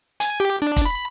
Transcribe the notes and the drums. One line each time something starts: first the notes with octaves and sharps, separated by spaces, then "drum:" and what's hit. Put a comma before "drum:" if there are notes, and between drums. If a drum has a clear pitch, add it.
G#5, drum: hi-hat
G4
D4
drum: kick, hi-hat
B5